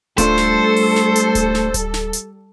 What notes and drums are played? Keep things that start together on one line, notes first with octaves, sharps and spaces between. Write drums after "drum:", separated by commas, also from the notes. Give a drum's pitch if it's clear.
G3 A3 D4 F4 A4 C5, drum: kick D1, hi-hat
drum: snare
drum: open hi-hat
drum: snare
drum: hi-hat
drum: kick D1, hi-hat
drum: snare
drum: kick D1, hi-hat
drum: snare
drum: hi-hat